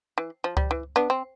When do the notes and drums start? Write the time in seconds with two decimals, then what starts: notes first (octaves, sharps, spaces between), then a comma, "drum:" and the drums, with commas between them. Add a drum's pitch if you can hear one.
0.18 E3
0.44 F3
0.57 G3, drum: kick C#2
0.71 E3
0.96 B3 D4
1.10 C4